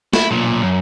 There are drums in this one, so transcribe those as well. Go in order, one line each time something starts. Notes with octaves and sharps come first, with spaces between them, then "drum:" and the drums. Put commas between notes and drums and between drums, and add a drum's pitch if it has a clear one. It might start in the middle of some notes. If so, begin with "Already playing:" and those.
E4, drum: snare
B1 A#2
F#2